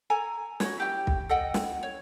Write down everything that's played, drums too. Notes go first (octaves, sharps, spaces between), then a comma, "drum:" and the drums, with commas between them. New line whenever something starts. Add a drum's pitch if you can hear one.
A4 G#5 A#5
F#4 C#5, drum: snare
E4 G4 G5
drum: kick
A4 D#5 F#5 G5
drum: snare
C#5